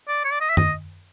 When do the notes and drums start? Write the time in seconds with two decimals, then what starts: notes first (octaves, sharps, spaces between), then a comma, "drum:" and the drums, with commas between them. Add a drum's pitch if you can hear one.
0.08 D5
0.25 C#5
0.33 D5
0.41 D#5
0.49 E5
0.57 D#5, drum: tom F#2